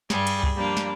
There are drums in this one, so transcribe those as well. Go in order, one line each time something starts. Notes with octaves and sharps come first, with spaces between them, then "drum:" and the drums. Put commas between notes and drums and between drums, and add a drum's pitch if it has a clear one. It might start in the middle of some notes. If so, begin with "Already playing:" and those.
G2 G3 G#4, drum: snare
drum: cymbal
drum: kick C#2
F3 G3 A#3 D4
drum: snare